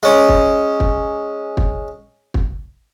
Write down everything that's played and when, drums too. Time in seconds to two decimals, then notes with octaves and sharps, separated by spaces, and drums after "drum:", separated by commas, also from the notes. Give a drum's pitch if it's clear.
0.03 G#3 C#4
0.29 drum: kick
0.80 drum: kick
1.57 drum: kick
2.34 drum: kick